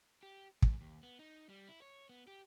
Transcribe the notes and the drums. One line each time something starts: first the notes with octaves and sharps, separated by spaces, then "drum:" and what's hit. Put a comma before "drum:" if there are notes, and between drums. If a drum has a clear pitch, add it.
G4
G#2, drum: kick
D#2
B3
D#4
G3
E4
C#5
B3
G4